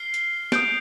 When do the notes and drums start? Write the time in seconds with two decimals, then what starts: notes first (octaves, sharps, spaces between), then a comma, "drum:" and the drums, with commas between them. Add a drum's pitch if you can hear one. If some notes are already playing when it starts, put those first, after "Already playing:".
Already playing: F6 C7 G7
0.14 drum: hi-hat
0.52 D#6 G6 D7, drum: snare